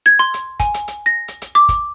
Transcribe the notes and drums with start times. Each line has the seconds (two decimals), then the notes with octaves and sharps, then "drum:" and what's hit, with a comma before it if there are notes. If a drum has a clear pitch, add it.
0.06 G#6
0.19 C6
0.34 drum: hi-hat
0.60 G#5, drum: kick, hi-hat
0.74 drum: hi-hat
0.88 drum: hi-hat
1.06 A#6
1.28 drum: hi-hat
1.42 drum: hi-hat
1.55 D6
1.69 drum: kick, hi-hat